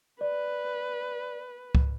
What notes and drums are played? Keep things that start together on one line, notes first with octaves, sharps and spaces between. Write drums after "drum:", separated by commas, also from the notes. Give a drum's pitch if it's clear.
B4 D5
drum: kick C#2